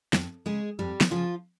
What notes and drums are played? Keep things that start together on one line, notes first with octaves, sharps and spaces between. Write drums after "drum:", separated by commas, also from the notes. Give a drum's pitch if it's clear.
F2, drum: snare
C#3 G#3 G#4
F2 G3 G4
drum: snare
C#3 F3 F4